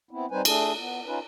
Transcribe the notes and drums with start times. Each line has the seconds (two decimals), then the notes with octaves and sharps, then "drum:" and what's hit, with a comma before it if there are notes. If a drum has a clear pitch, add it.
0.11 B3 C4 E4
0.31 G3 C4 D#4 B4 C5 G#5
0.45 A3 D4 G#4 A4, drum: cymbal
0.78 B3
1.06 C#4 D#4 F4 B4